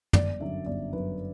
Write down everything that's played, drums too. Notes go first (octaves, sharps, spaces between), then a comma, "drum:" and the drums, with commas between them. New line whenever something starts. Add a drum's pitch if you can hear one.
G1 D5, drum: tom
F#2 D3 F#3 E5
G1 D5
F#2 D3 F#3 B4